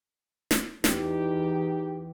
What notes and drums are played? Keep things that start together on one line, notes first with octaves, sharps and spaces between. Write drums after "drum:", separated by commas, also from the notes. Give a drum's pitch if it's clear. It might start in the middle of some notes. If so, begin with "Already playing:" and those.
drum: snare
E2 D#4 G4, drum: snare